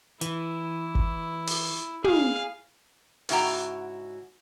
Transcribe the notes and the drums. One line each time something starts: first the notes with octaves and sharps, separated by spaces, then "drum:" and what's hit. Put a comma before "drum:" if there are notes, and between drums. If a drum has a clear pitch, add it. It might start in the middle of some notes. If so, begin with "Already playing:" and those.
E3 E4, drum: hi-hat
drum: kick G1
drum: open hi-hat
G#4 F5, drum: tom
G#2 C#3 E4 F#4 G5 A#5, drum: open hi-hat